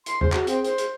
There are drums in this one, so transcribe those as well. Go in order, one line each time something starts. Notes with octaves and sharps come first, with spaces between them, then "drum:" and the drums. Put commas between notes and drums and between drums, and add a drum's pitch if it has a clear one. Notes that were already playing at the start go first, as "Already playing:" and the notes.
C6, drum: hi-hat
G#4 C5, drum: tom
F#4, drum: clap
C4, drum: hi-hat
C5, drum: hi-hat
drum: hi-hat